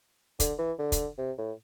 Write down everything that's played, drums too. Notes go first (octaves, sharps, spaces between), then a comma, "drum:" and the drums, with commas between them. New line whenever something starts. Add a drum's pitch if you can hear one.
D3, drum: kick, hi-hat
E3
D3
drum: kick, hi-hat
C3
A2